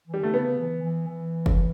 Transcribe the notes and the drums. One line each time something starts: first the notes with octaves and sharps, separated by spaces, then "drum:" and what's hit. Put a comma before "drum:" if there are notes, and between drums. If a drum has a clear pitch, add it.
E3
G3
D3 A3
C#3 B3
E3
E3
E3
drum: kick